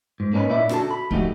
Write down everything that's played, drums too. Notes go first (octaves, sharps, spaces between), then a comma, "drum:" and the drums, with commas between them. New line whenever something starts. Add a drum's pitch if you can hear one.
G#2
A#3 C#4 D#4 A#4 B4
A#2 D#4 E4 D5 E5 B5
D4 E4 F#4 A4 A5, drum: rim click
B5
F3 A3 D#4 F#4 G4, drum: kick